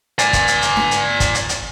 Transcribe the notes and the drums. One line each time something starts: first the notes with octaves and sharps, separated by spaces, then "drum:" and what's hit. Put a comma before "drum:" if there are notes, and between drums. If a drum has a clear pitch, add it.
D5 G#5, drum: hi-hat
drum: kick, hi-hat
drum: hi-hat
drum: hi-hat
drum: snare D4
drum: hi-hat
drum: kick, hi-hat
drum: hi-hat
drum: hi-hat